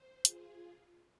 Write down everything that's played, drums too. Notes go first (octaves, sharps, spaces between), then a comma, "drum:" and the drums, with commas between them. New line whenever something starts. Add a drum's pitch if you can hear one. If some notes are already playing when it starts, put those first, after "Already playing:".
Already playing: C5
F4 G#4, drum: hi-hat